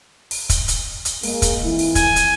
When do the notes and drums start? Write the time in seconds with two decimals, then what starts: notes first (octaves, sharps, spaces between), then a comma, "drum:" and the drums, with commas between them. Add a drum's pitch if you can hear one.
0.31 drum: open hi-hat
0.50 drum: kick, hi-hat
0.68 drum: hi-hat
1.05 drum: hi-hat
1.23 G#3 A#3, drum: open hi-hat
1.42 drum: kick, hi-hat
1.64 F2 E3 E4
1.79 drum: open hi-hat
1.95 G#5, drum: kick, hi-hat
2.16 drum: hi-hat